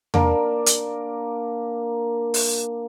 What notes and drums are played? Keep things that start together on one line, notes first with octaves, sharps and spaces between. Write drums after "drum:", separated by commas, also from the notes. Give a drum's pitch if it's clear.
A#3 D4 A#4, drum: tom E2
drum: hi-hat
drum: open hi-hat